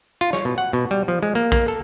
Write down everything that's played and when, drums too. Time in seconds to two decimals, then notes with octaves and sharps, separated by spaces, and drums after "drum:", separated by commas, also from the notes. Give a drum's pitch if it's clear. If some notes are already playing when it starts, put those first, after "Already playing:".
0.21 F4
0.33 C#5, drum: snare
0.45 B2
0.58 F#5
0.73 B2
0.91 G3
1.08 F3
1.23 G#3
1.35 A#3
1.52 A#3, drum: kick
1.68 A4